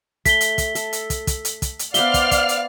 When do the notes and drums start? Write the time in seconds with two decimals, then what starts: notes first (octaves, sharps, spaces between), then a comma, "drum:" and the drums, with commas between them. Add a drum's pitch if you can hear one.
0.25 A3 B6 G7, drum: kick, hi-hat
0.41 drum: hi-hat
0.58 drum: kick, hi-hat
0.75 A4, drum: hi-hat
0.93 drum: hi-hat
1.10 drum: kick, hi-hat
1.27 drum: kick, hi-hat
1.45 drum: hi-hat
1.62 drum: kick, hi-hat
1.79 drum: hi-hat
1.94 B3 C5 D5 E5 F5 F6 G7, drum: hi-hat
2.14 drum: kick, hi-hat
2.31 drum: kick, hi-hat
2.49 drum: hi-hat